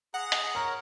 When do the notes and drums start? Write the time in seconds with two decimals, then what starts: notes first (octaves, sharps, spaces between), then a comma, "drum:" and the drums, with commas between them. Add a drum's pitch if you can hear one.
0.14 G#4 F#5 A#5
0.32 drum: hi-hat
0.55 A#4 C#5 A#5